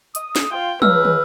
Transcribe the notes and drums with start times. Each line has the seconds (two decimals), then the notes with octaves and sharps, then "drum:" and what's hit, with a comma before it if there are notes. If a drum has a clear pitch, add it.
0.15 D#6, drum: hi-hat
0.36 drum: snare
0.51 F4 G5
0.82 C#2 B4 E6 F6, drum: tom
1.05 drum: tom